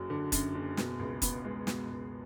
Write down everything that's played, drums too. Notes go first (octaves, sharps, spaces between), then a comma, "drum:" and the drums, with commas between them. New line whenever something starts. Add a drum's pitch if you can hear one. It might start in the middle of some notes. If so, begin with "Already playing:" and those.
Already playing: F#1 F#2 F#3
D3
F#2, drum: kick, hi-hat
F#1
B2, drum: snare
C#2
B3, drum: kick, hi-hat
G#3
B2, drum: snare
C#2